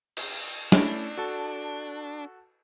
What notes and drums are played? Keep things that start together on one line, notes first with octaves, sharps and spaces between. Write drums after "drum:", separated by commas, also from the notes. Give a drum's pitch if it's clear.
drum: cymbal
A3 C#4 D4 E4, drum: snare
F#4 A4 A5